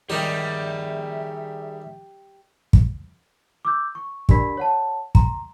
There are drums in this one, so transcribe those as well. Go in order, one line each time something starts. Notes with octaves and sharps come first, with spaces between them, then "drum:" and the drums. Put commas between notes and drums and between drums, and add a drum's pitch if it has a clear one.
D#3 G3 D#4 G4 G#4 C#5 D5 E5
drum: kick
D6 E6 G6
C#6
D4 G4 A#4 D5 B5 B6, drum: kick
C#5 F#5 A5
A#5 C6, drum: kick